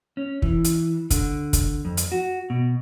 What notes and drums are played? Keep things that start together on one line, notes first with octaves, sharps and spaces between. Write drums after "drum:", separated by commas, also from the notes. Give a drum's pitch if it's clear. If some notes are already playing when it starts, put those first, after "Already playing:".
C#4
E3, drum: kick
drum: hi-hat
D3, drum: kick, hi-hat
drum: kick, hi-hat
F2
drum: hi-hat
F#4
B2